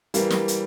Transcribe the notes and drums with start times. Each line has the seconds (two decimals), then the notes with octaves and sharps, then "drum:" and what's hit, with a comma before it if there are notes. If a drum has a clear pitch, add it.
0.14 E3 G3 A#3, drum: hi-hat
0.30 drum: snare
0.48 drum: hi-hat